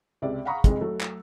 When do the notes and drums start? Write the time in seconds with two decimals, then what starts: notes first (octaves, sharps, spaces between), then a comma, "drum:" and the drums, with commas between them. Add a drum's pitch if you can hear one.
0.22 C#2 C3 D5 E5
0.45 F5 F#5 A#5 B5 C#6 D#6
0.64 F1 F2 G#3, drum: kick, hi-hat
0.81 F#3 A3
1.01 drum: clap